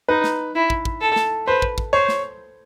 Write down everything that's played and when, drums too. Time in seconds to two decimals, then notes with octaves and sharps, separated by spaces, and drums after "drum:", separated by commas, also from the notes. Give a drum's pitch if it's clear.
0.08 D#4 B4
0.24 drum: snare
0.55 E4
0.70 drum: kick
0.85 drum: kick
1.01 A4
1.16 drum: snare
1.47 B4 C5
1.62 drum: kick
1.78 drum: kick
1.93 C5 C#5
2.08 drum: snare